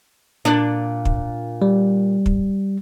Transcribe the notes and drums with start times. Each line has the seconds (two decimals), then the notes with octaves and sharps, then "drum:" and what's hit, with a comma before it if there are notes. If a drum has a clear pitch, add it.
0.45 A#2 D4
1.05 drum: kick
1.62 G3
2.26 drum: kick